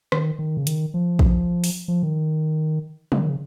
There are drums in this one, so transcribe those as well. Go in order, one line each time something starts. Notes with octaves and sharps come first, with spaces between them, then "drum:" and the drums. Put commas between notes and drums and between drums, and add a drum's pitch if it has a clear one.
D#3, drum: rim click
D#3
C#3
D#3, drum: hi-hat
F3
drum: kick A#1
drum: open hi-hat
F3
D#3
C#3, drum: tom
D#3
C#3